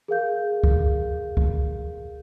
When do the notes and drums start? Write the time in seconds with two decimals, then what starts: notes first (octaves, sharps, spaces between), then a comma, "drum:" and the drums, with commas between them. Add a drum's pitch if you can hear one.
0.08 G#4 A#4 F5 G6
0.64 drum: kick
1.37 drum: kick